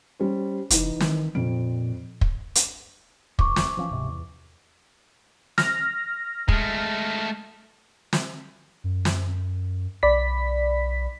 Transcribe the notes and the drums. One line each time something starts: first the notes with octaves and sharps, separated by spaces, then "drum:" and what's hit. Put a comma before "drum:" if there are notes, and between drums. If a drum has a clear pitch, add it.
G3 C#4 C5
F1 E3 D#4, drum: hi-hat
D#3, drum: snare
F2 A#2 C4 D7
drum: kick
drum: hi-hat
F1 C#6 D6, drum: kick
drum: snare
E3 F3 C#4
D1 G#2 C3
E2
F6 A#6, drum: snare
G#3 A3, drum: kick
drum: snare
F#2
drum: snare
B1 D5 B5 B6